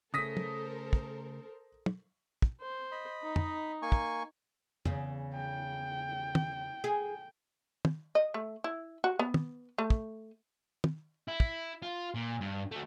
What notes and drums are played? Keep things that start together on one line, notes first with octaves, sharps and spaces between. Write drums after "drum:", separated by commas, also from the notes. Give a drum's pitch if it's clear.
C#3 A3 A4 A#4 C5 D#6 A#6 B6
drum: tom
drum: kick
drum: tom
drum: kick
C5
D#5 B5
D#4
drum: tom
A#3 G#5 C#6
drum: kick
E2 C#3, drum: tom
G5
drum: tom
G#4
drum: tom
D#5
A3
E4
F#4
B3
drum: tom
A3
drum: kick
drum: tom
E4
drum: kick
F4
A#2
G2
A3 F#4